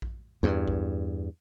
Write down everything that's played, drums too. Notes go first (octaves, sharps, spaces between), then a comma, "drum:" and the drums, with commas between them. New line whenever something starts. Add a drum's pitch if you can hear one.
drum: kick A#1
E2 G2
drum: kick A#1